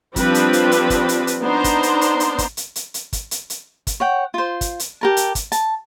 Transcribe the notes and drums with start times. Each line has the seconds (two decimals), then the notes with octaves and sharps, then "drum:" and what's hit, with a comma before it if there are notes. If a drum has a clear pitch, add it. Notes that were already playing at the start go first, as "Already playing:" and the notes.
0.16 F3 G3 C4 D4 B4, drum: kick, hi-hat
0.34 drum: hi-hat
0.53 drum: hi-hat
0.72 drum: hi-hat
0.90 drum: kick, hi-hat
1.09 drum: hi-hat
1.27 drum: hi-hat
1.41 B3 D4 D#4 C5 A#5 C6
1.64 drum: kick, hi-hat
1.83 drum: hi-hat
2.01 drum: hi-hat
2.20 drum: hi-hat
2.38 drum: kick, hi-hat
2.57 drum: hi-hat
2.76 drum: hi-hat
2.94 drum: hi-hat
3.13 drum: kick, hi-hat
3.31 drum: hi-hat
3.50 drum: hi-hat
3.87 drum: kick, hi-hat
4.00 C#5 F#5 G5
4.34 F4 C5
4.61 drum: kick, hi-hat
4.79 drum: hi-hat
5.01 G4 A#4 A5
5.17 drum: hi-hat
5.35 drum: kick, hi-hat
5.52 A5, drum: hi-hat